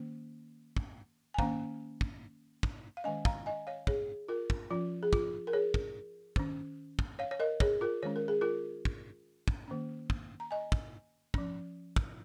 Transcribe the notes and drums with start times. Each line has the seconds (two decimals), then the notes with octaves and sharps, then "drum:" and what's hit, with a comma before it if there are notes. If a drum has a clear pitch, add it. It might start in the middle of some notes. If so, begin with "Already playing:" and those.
Already playing: D#3 A#3 C#4
0.77 drum: kick
1.34 G#5
1.38 D#3 A#3 C#4 F5 A#5, drum: kick
2.01 drum: kick
2.63 drum: kick
2.97 F5
3.04 D#3 G#3 C#4 D#5 G#5
3.25 F5 A#5, drum: kick
3.46 D#5 G#5
3.67 C#5 F5
3.87 G#4 C#5, drum: kick
4.28 F4 A#4
4.50 drum: kick
4.71 F3 C#4 F4
5.03 G#4
5.13 F4, drum: kick
5.47 A#4
5.53 G#4 C#5
5.74 drum: kick
6.36 D#3 C#4, drum: kick
6.99 drum: kick
7.19 C#5 F5
7.31 C#5
7.40 A#4 D#5
7.60 G#4 C#5, drum: kick
7.81 F4 A#4
8.03 D#3 G#3 C#4 C#5
8.16 A#4
8.28 G#4
8.41 F4 A#4
8.85 drum: kick
9.48 drum: kick
9.68 D#3 A#3 C#4
10.10 drum: kick
10.40 A#5
10.51 D#5 G#5
10.72 drum: kick
11.34 F3 C#4, drum: kick
11.96 drum: kick